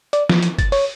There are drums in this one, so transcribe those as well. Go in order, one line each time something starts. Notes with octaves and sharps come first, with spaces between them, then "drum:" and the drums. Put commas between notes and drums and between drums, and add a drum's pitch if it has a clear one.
D5, drum: hi-hat
F3, drum: snare
drum: hi-hat
A6, drum: kick, hi-hat
C#5, drum: open hi-hat